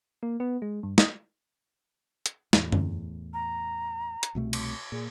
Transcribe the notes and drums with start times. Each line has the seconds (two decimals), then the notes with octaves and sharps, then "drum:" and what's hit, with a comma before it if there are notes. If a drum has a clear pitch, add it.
0.23 A#3
0.40 B3
0.62 G#3
0.83 G2
0.98 D#5, drum: snare
2.26 drum: hi-hat
2.53 E2 A2, drum: snare
2.72 drum: tom F#2
3.34 A#5
4.23 drum: hi-hat
4.35 C2 B2 A3
4.53 drum: cymbal
4.92 A#2 G#4